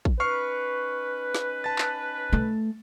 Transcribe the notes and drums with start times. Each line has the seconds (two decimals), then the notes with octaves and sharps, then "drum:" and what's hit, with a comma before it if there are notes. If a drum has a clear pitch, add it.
0.05 drum: kick
0.20 C#4 D#4 B4 C#6 F6 C7
1.35 drum: snare
1.64 A5 A6
1.78 drum: clap
2.33 A3, drum: tom B2